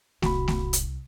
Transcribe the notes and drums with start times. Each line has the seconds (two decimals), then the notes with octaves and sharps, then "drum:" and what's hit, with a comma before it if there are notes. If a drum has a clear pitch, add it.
0.22 D1 C2 F#4 B5, drum: snare A3
0.48 drum: snare A3
0.73 drum: hi-hat